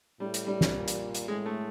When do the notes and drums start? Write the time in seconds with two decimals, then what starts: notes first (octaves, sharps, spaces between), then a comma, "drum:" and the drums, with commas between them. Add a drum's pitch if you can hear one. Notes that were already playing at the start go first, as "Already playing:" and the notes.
0.20 A2 G3
0.34 drum: hi-hat
0.47 G3
0.61 drum: snare
0.74 A#2
0.88 drum: hi-hat
1.15 drum: hi-hat
1.28 A2 G#3
1.46 A3